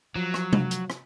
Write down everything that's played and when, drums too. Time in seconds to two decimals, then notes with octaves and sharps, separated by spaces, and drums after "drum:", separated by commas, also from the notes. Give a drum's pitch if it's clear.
0.16 F3 F#3
0.34 drum: rim click
0.53 drum: tom
0.71 drum: hi-hat
0.90 drum: rim click